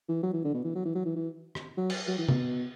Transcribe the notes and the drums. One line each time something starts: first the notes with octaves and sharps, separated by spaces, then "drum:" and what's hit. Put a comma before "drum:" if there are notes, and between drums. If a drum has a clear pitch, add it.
E3
F#3
E3
D3
B2
E3
F#3
E3
F#3
E3
E3
drum: rim click
F#3
drum: cymbal
F#3
E3
B2, drum: tom